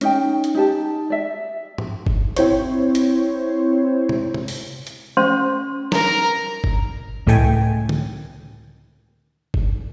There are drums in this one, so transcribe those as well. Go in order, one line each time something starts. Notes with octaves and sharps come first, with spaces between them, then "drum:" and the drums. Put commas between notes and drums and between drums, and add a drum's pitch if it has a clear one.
C#4 D#4 G5, drum: hi-hat
drum: hi-hat
D#4 G4 A5
D5 E5
drum: tom
drum: kick F#1
C4 E4 C5 C#5, drum: hi-hat
drum: hi-hat
drum: tom
drum: tom
drum: open hi-hat
drum: hi-hat
C#4 C5 C6
A#4 A#5, drum: snare
drum: kick F#1
C#2 A2 A3 G5 G#5
drum: tom D3
drum: kick F#1